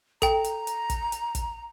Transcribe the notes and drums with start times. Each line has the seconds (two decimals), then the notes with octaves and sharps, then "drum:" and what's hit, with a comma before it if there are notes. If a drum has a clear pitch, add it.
0.22 A4 G5 A#5, drum: kick, hi-hat
0.44 drum: hi-hat
0.67 drum: hi-hat
0.90 drum: kick, hi-hat
1.12 drum: hi-hat
1.35 drum: kick, hi-hat